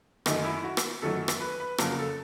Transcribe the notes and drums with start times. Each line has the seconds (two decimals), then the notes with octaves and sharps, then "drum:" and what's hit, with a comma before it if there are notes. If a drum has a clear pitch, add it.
0.26 F#2 D#3 F#3 A3 D#4, drum: rim click
0.45 E4
0.64 F#4
0.77 drum: rim click
1.02 F#2 D#3 F#3 A3 A4
1.28 drum: rim click
1.40 B4
1.60 B4
1.78 F2 C#3 F#3 A#3 A#4, drum: rim click
1.98 A4